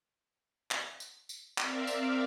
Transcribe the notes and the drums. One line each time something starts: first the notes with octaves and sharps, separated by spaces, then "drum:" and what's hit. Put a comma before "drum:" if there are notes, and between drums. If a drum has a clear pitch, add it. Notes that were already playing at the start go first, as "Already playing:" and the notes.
drum: clap
drum: tambourine
drum: tambourine
C4 A#4 D5 E5 F5, drum: clap
drum: tambourine